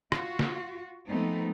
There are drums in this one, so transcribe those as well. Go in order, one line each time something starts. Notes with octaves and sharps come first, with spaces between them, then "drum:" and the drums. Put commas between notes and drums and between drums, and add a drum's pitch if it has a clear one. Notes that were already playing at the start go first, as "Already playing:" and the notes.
F4 F#4, drum: rim click
drum: snare
F3 G#3 A3 B3 C4 D#4